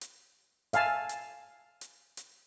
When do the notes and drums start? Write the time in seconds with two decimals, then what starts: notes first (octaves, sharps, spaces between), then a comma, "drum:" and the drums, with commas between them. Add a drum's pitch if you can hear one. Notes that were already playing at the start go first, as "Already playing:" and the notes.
0.01 drum: hi-hat
0.73 E5 F5 G#5 A5, drum: hi-hat
1.09 drum: hi-hat
1.81 drum: hi-hat
2.17 drum: hi-hat